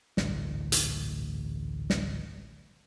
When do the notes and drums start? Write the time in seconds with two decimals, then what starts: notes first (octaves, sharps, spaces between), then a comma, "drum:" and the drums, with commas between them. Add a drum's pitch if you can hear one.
0.17 A1 D2 G2 A#2, drum: snare
0.72 drum: hi-hat
1.90 drum: snare